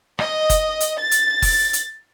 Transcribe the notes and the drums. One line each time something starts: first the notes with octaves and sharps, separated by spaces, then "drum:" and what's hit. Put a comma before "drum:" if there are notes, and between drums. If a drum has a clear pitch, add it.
D#5, drum: rim click
drum: kick F#1, hi-hat
drum: hi-hat
A6
drum: hi-hat
drum: kick F#1, open hi-hat
drum: hi-hat